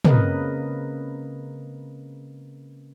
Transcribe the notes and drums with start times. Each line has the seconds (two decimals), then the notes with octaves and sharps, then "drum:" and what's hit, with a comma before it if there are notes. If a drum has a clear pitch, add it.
0.05 C#3 A#3 C4 A#4 B4 D#5, drum: tom